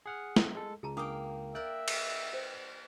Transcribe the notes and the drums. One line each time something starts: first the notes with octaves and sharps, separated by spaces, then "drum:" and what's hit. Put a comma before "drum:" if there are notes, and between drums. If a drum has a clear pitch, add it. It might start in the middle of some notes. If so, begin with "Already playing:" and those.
G#4 F#5 F6
drum: snare
G#3 A4
C#2 G#4 A5 A#5
A#3 D4 G5 D6 D#6
A#4 D5 E5 G5 F#6
drum: cymbal
C5